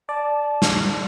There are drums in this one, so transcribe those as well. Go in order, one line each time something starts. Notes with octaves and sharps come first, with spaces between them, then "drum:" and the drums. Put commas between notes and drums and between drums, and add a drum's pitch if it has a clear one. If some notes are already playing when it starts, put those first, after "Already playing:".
D5 A5
drum: snare